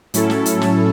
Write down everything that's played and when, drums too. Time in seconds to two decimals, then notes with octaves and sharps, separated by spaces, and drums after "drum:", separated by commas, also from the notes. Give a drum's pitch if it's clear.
0.14 A2 F#3 C#4 E4 A4, drum: hi-hat
0.30 drum: snare
0.46 drum: hi-hat
0.61 drum: snare